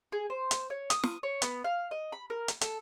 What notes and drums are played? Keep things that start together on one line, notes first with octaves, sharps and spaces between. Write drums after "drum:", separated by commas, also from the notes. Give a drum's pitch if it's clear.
G#4
C5
drum: hi-hat
C#5
D#6, drum: hi-hat
drum: snare
C#5
B3, drum: hi-hat
F5
D#5
B5
A#4
drum: hi-hat
A4, drum: hi-hat